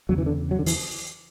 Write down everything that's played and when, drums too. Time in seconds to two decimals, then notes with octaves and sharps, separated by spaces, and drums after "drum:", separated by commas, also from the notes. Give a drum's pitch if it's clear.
0.09 E2 C#3 F#3
0.18 E3
0.26 D3
0.51 F#3
0.59 D3
0.66 E3, drum: open hi-hat